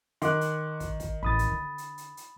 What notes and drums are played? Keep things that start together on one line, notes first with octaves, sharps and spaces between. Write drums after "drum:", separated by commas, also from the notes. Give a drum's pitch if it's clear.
D#3 C6 D6 F#6, drum: hi-hat
drum: hi-hat
drum: kick, hi-hat
drum: kick, hi-hat
A1 B5 D#6 A6
drum: hi-hat
D3
drum: hi-hat
drum: hi-hat
drum: hi-hat